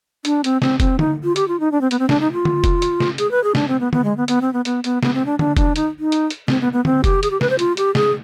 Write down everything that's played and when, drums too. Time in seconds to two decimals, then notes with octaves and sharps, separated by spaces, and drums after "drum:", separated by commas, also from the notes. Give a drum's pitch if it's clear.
0.25 D4, drum: hi-hat
0.44 C4, drum: hi-hat
0.62 C4, drum: snare
0.80 C4, drum: kick F1, hi-hat
0.99 D#4, drum: tom D3
1.24 F4
1.36 G4, drum: hi-hat
1.48 F4
1.60 D#4
1.72 D4
1.81 C4
1.91 B3, drum: hi-hat
1.99 C4
2.09 D4, drum: snare
2.20 D#4
2.33 F4
2.45 drum: tom D3
2.64 drum: kick F1, hi-hat
2.82 drum: hi-hat
3.00 drum: snare
3.18 G#4, drum: hi-hat
3.31 B4
3.44 G#4
3.55 D4, drum: snare
3.68 C4
3.80 B3
3.93 B3, drum: tom D3
4.04 G#3
4.17 B3
4.28 B3, drum: hi-hat
4.41 C4
4.53 B3
4.65 B3, drum: hi-hat
4.84 B3, drum: hi-hat
5.03 B3, drum: snare
5.14 C4
5.26 D4
5.39 D4, drum: tom D3
5.57 D4, drum: kick F1, hi-hat
5.76 D#4, drum: hi-hat
5.99 D#4
6.12 drum: hi-hat
6.30 drum: hi-hat
6.48 C4, drum: snare
6.61 B3
6.73 B3
6.85 C4, drum: tom D3
7.04 G4, drum: kick F1, hi-hat
7.23 G#4, drum: hi-hat
7.31 G4
7.41 B4, drum: snare
7.50 C5
7.59 F4, drum: hi-hat
7.77 G4, drum: hi-hat
7.95 G#4, drum: snare